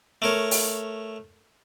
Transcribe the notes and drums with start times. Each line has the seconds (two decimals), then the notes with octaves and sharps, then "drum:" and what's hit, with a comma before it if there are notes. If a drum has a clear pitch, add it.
0.22 A3 A#4 C#5
0.51 drum: open hi-hat